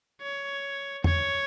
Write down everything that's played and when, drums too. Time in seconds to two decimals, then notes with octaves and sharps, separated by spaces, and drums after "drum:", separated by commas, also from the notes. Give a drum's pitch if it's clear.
0.22 C#5
1.04 C#5, drum: tom E2